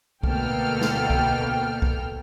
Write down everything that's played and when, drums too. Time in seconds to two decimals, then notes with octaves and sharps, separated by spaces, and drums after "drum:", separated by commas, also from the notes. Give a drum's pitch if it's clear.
0.23 D2 B2 A#3 A4 G5 F6, drum: kick
0.81 drum: snare
1.10 drum: kick
1.82 drum: kick